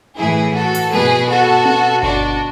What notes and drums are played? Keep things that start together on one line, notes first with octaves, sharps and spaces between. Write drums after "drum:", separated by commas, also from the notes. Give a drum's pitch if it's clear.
A2 E3 E4 G#4
F#4 A4
drum: hi-hat
B2 G#4 B4
F#4 A4
B2, drum: tom C4
D4 F#4, drum: kick G1